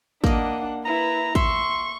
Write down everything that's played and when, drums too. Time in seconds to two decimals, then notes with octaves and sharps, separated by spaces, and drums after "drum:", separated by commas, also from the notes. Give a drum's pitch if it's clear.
0.24 A#3 D4 D#5 F#5, drum: kick
0.85 E4 B4 A#5
1.35 E5 C6 C#6, drum: kick